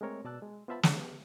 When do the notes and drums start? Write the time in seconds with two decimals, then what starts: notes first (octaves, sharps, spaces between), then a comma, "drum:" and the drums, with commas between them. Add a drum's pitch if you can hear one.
0.01 G#3 A3 C4 A#4 C#5
0.25 B2 D5 A5 E6 F#6
0.42 G#3
0.68 B3 F4 C5 E5 A5 B5
0.83 C#3 D4, drum: snare
0.96 B3 G4